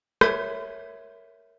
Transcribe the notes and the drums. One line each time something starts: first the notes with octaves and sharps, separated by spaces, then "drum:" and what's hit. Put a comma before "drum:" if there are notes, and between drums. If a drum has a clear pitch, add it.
A#4 C#5 E5 G#6, drum: rim click